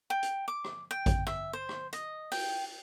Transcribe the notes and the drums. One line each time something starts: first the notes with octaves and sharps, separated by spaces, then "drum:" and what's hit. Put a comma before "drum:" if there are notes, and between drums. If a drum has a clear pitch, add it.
G5
drum: hi-hat
D6
drum: rim click
G5
drum: kick A1, hi-hat
E5, drum: rim click
C5
drum: rim click
D#5, drum: hi-hat
G5, drum: open hi-hat